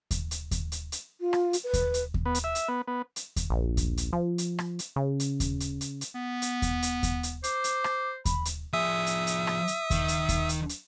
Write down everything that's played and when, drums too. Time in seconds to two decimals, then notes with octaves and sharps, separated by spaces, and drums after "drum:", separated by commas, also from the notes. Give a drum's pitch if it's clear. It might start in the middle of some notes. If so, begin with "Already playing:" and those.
0.11 drum: kick D#2, hi-hat
0.31 drum: hi-hat
0.51 drum: kick D#2, hi-hat
0.72 drum: hi-hat
0.92 drum: hi-hat
1.20 F4
1.33 drum: rim click
1.53 drum: hi-hat
1.64 B4
1.73 drum: kick D#2, hi-hat
1.94 drum: hi-hat
2.14 drum: kick D#2
2.26 B3
2.35 drum: hi-hat
2.44 E5
2.55 drum: hi-hat
2.68 B3
2.87 B3
3.16 drum: hi-hat
3.36 drum: kick D#2, hi-hat
3.50 A#1
3.77 drum: kick D#2, hi-hat
3.97 drum: hi-hat
4.13 F3
4.38 drum: hi-hat
4.59 drum: rim click
4.79 drum: hi-hat
4.96 C#3
5.20 drum: hi-hat
5.40 drum: kick D#2, hi-hat
5.60 drum: hi-hat
5.81 drum: hi-hat
6.01 drum: hi-hat
6.15 B3
6.42 drum: hi-hat
6.62 drum: kick D#2, hi-hat
6.82 drum: hi-hat
7.03 drum: kick D#2, hi-hat
7.23 drum: hi-hat
7.44 C5 D6, drum: hi-hat
7.64 drum: hi-hat
7.84 drum: rim click
8.25 B5, drum: kick D#2, hi-hat
8.45 drum: hi-hat
8.73 F3 G#4 E5 D#6
9.06 drum: hi-hat
9.27 drum: hi-hat
9.47 drum: rim click
9.68 drum: hi-hat
9.91 D#3, drum: kick D#2, hi-hat
10.08 drum: hi-hat
10.29 drum: kick D#2, hi-hat
10.49 drum: hi-hat
10.69 drum: hi-hat